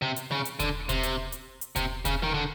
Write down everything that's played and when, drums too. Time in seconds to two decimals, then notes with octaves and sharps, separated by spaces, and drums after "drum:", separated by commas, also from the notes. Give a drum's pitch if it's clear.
0.02 C3
0.16 drum: hi-hat
0.31 C#3
0.45 drum: hi-hat
0.60 D3, drum: kick E1, hi-hat
0.89 C3, drum: kick E1, hi-hat
1.03 drum: hi-hat
1.32 drum: hi-hat
1.61 drum: hi-hat
1.76 C3, drum: kick E1, hi-hat
2.05 C#3, drum: kick E1, hi-hat
2.23 D#3
2.34 D3